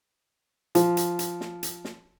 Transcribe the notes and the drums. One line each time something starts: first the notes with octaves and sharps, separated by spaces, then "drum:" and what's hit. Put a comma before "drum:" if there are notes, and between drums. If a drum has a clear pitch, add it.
F3, drum: hi-hat
drum: hi-hat
drum: hi-hat
drum: snare
drum: hi-hat
drum: snare